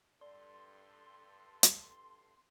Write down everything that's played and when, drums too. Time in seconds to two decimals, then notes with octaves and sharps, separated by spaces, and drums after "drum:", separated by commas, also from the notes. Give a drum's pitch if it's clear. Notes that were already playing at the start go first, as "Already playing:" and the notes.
0.21 G2 A4 D5 C6
1.63 drum: hi-hat